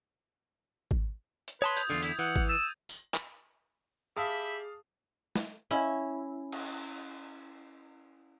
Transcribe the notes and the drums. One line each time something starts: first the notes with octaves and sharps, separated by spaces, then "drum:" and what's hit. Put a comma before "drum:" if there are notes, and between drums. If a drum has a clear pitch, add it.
drum: kick G#1
drum: hi-hat
B4 C#5 A5 C6 D#6 G#6
G6 G#6 F7, drum: hi-hat
E2 G2 D3 F4
E4, drum: hi-hat
E3 F#5
drum: kick G#1
E6 A6 D#7
drum: tambourine
drum: clap
G4 G#4 E5 F5 A5 B5 D#6
drum: snare
C#4 E4
drum: cymbal